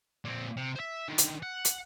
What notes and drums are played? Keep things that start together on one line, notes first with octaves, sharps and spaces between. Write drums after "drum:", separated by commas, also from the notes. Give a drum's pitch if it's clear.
A#2 C4
C3
C5 E5
D3 D#3
drum: hi-hat
F#5
drum: hi-hat